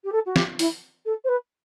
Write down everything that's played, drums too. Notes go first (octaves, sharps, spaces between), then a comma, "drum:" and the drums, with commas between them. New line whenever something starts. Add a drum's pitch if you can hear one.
G4
A4
F#4
G4, drum: snare
E4, drum: open hi-hat
A4
C5
B4